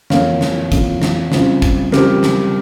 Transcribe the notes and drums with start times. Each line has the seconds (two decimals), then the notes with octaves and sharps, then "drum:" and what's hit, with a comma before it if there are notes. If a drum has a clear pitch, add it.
0.10 F2 E3 A#3 F4 C#5 F5, drum: snare
0.41 drum: snare
0.72 F2 E3 A#3 F4, drum: kick, hi-hat
1.02 drum: snare
1.32 C#3 G3 C4 F4, drum: snare
1.62 drum: kick, hi-hat
1.92 C#3 G3 C4 F4 G4 A#4, drum: snare
2.23 drum: snare